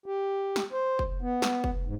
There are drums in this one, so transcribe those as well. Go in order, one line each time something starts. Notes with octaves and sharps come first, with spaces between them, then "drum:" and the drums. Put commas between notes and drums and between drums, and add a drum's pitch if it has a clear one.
G4
drum: snare
C5
drum: kick
B3
drum: snare
drum: kick
G#2